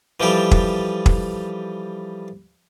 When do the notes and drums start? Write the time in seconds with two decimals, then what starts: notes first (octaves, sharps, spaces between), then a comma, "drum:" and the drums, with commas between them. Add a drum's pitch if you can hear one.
0.20 E3 F3 G3 G4 A4
0.51 drum: kick
1.06 drum: kick